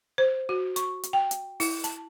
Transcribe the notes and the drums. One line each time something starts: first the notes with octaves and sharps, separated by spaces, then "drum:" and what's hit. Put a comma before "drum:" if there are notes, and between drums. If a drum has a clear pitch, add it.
C5
F#4
C#6, drum: hi-hat
drum: hi-hat
G5
drum: hi-hat
E4, drum: open hi-hat
A5, drum: hi-hat